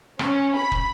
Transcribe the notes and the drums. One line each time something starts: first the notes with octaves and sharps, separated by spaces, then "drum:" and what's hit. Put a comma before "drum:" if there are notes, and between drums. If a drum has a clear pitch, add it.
C#4, drum: rim click
B5
drum: kick